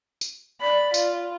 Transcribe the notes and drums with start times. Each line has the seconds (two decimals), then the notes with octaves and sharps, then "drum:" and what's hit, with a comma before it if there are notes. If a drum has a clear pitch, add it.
0.21 drum: tambourine
0.62 D5 B5
0.94 F4, drum: tambourine